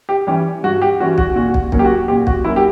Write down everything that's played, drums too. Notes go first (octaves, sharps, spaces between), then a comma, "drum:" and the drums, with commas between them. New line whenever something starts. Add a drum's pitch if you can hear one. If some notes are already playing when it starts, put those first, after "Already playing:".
G4
E3 G3 C#4 G4
G2 F#4
G4
E3 G3 C#4 F#4
F#4, drum: kick
A#2 F#4
drum: kick
F#3 A#3 C#4, drum: kick
G4
F#4
A#2 G4
F#4, drum: kick
F#3 A#3 C#4 E4
G4